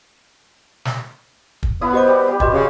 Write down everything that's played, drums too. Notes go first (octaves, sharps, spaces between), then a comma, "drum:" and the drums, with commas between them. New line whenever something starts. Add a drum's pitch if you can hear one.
drum: snare
drum: kick
B3 E4 B5 D#6
F#4 C5 D#5 D6
G3
G3 G4
F#4 B4 C5 D#5 G5, drum: kick
C#3